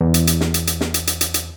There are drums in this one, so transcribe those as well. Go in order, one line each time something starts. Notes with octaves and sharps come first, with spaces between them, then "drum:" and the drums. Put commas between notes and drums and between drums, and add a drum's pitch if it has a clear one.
E2
drum: hi-hat
drum: hi-hat
drum: snare
drum: hi-hat
drum: hi-hat
drum: snare
drum: hi-hat
drum: hi-hat
drum: hi-hat
drum: hi-hat